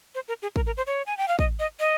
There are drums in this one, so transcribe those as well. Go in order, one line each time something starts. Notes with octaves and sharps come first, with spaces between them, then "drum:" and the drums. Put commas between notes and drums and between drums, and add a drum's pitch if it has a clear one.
C5
A#4
G#4
A#4, drum: kick
A#4
C5
C#5
G#5
G5
F5
D#5, drum: kick
D#5
D#5